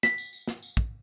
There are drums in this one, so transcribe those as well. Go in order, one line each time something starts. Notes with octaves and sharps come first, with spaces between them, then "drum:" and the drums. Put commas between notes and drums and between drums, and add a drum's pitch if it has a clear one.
B6, drum: snare
drum: tambourine
drum: tambourine
drum: snare
drum: tambourine
drum: kick